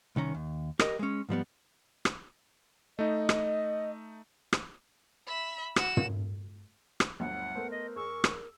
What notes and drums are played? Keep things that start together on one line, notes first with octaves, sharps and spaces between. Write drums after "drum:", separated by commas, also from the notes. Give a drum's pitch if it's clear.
C2 D#3 C#4 A#5
D#2
G4 A#4 D#5, drum: rim click
G#3 C#4
G#2 F3 G3 B3
drum: rim click
A3 D#4 D#5
drum: rim click
drum: rim click
E5 B5
F#4 E7, drum: rim click
drum: tom
drum: rim click
G1 D2 F#3 F#5
A3 B3 A#4 C5
D#5
E2 G#4 C#6 E6
drum: rim click